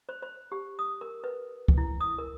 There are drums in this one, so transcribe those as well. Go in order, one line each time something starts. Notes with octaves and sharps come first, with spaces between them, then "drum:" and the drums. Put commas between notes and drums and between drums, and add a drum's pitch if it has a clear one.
C5
C5
G4
D#6
A#4
B4
drum: kick
E4
D#6
A#4